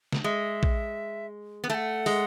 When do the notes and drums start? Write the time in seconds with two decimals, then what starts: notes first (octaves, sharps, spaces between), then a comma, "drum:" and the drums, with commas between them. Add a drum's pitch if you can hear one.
0.12 drum: snare
0.24 G#3 E5
0.63 drum: kick
1.64 B3
1.69 A3 F#5 A5
2.06 G#3, drum: open hi-hat